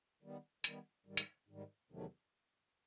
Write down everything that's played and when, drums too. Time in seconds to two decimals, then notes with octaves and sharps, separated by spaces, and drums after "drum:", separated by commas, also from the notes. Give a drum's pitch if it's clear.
0.22 D#3 G3 B3
0.64 D#3 G3 B3, drum: hi-hat
1.06 G#2 D#3 G3
1.17 drum: hi-hat
1.49 G#2 D#3 G3
1.91 E2 C3 D#3 F#3 A3